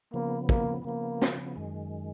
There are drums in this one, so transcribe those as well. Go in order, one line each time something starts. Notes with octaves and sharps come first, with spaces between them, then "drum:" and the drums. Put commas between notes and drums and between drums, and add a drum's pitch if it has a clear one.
C#3 F3 A#3 B3
A#3, drum: kick
C#3 F3 A#3 B3
drum: snare
F#2 D#3 G#3